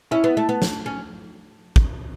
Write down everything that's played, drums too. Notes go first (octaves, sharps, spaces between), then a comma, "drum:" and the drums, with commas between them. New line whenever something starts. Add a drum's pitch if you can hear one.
C#4 E4
B3
A3
B3
drum: snare
C#4
drum: kick